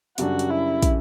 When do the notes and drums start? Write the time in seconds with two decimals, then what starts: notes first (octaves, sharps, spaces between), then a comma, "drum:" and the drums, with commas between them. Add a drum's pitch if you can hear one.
0.18 F#2 C#3 G3 D4 F#4, drum: hi-hat
0.39 drum: hi-hat
0.50 E4
0.83 drum: kick, hi-hat